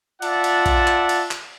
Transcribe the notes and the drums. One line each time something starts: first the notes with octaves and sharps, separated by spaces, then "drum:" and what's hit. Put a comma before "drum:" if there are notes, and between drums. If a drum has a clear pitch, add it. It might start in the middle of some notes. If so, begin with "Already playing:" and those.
F4 D5 E5 F#5 A5, drum: cymbal
drum: cymbal
drum: kick, cymbal
drum: clap
drum: cymbal
drum: clap